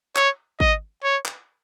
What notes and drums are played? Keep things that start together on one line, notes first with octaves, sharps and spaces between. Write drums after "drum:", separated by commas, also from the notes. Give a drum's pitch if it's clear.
C#5, drum: clap
D#5, drum: kick G#1
C#5
drum: clap